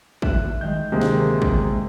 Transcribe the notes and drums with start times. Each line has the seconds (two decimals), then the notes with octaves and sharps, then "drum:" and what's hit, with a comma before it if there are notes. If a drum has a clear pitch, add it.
0.22 E5 F#6, drum: kick
0.61 D#3 G#3 G6
0.92 D2 C3 G#3 A#3
1.01 drum: snare
1.42 drum: kick